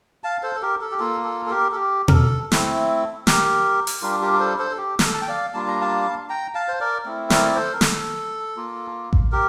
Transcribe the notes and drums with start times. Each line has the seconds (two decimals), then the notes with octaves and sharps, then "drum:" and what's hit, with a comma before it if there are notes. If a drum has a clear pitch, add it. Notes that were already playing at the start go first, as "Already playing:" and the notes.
0.24 F5 A5
0.43 A4 C5
0.55 A4
0.62 G4 A#4
0.81 A4
0.91 G4
0.99 A#3 F4 A4
1.24 A4
1.46 A4
1.50 G4 A#4
1.72 A4
1.75 G4
2.08 A#4, drum: tom B2
2.13 A4
2.52 A3 C4 E4 A4, drum: snare
3.27 G4 A#4, drum: snare
3.87 drum: open hi-hat
4.02 G3 D4 F4 G4 A#4
4.22 G4 A#4
4.34 A#4
4.40 A4 C5
4.59 A4 C5
4.71 A4
4.77 G4
4.99 A#4, drum: snare
5.04 A4
5.14 A5
5.22 G5
5.28 D5 F5
5.54 G3 A#3 D4 F4 A5
5.67 A#5
5.81 F5 A5
6.29 G5 A#5
6.55 F5 A5
6.68 C5
6.80 A#4 D5
7.05 A3 C4 E4
7.30 A#4 D5, drum: snare
7.46 D5
7.55 A4 C5
7.73 A#4
7.81 A4, drum: snare
8.57 A#3 F4
9.13 drum: kick A1
9.32 G4 A#4